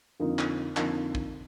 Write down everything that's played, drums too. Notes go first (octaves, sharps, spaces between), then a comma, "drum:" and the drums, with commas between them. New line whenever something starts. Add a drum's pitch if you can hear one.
F2 D3 F3 A#3 D#4
drum: clap
F2 D3 F3 A#3 D#4, drum: clap
drum: kick